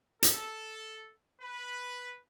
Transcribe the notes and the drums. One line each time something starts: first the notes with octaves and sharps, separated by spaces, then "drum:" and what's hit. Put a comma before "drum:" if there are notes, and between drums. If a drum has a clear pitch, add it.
A4, drum: hi-hat
B4